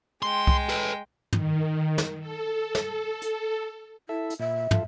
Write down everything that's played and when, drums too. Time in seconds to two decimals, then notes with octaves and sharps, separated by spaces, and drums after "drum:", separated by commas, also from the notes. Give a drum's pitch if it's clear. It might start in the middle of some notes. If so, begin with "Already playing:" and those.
0.22 G#3 G5 C6
0.47 drum: kick C2
0.69 A4 B4, drum: hi-hat
1.33 D#3, drum: tom
1.98 drum: snare
2.20 A4
2.75 drum: snare
3.22 drum: hi-hat
4.09 E4 A4 E5
4.30 drum: hi-hat
4.39 A#2 E5
4.71 F4 A4, drum: tom